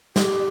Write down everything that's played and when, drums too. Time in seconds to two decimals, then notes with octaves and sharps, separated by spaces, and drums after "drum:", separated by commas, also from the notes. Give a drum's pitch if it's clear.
0.16 G4, drum: snare